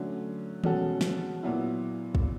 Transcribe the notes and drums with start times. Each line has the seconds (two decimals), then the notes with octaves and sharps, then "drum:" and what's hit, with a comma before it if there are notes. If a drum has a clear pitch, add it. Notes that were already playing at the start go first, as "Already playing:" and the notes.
Already playing: D3 F#3 A3 C#4
0.64 B2 G#3 C#4 F#4 A4, drum: tom D#3
1.01 drum: snare
1.43 A#2 F#3 B3 E4
2.15 drum: kick